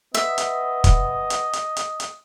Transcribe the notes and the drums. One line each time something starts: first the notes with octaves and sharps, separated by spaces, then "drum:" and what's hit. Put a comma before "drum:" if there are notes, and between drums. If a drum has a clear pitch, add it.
B3 D#5 E5, drum: hi-hat
drum: hi-hat
drum: kick, hi-hat
drum: hi-hat
drum: hi-hat
drum: hi-hat
drum: hi-hat